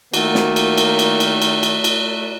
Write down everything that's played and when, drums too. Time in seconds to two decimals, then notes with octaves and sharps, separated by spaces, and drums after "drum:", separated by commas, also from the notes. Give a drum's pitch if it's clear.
0.14 D#3 A3 A#3 F#4, drum: cymbal
0.35 drum: snare
0.56 drum: cymbal
0.78 drum: cymbal
0.99 drum: cymbal
1.20 drum: cymbal
1.42 drum: cymbal
1.63 drum: cymbal
1.84 drum: cymbal